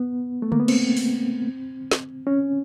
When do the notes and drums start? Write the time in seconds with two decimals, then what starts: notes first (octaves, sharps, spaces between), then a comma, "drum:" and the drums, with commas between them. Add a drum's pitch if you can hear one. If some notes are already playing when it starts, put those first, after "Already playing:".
Already playing: B3
0.42 A3
0.52 A#3, drum: tom D3
0.60 B3
0.68 C4, drum: cymbal
0.97 drum: open hi-hat
1.91 drum: snare
2.27 C#4